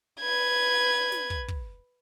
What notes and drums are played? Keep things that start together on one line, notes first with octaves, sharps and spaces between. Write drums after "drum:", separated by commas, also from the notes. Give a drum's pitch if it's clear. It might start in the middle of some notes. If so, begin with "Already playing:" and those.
B4 G#6
drum: snare
drum: kick
drum: kick